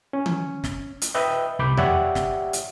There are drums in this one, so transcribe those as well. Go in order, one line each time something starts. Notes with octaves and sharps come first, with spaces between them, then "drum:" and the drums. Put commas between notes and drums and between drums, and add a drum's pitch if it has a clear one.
C#4
drum: tom D#3
drum: snare
drum: hi-hat
B4 D#5 E5 G5
C2 B5 D6 G6
G4 C#5 D5 E5 F#5 G5, drum: tom E2
drum: snare
drum: hi-hat